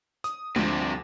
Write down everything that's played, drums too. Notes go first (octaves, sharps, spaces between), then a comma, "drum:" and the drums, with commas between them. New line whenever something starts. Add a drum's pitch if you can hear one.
D#6, drum: hi-hat
D2 G2 C3 F3, drum: tom G#3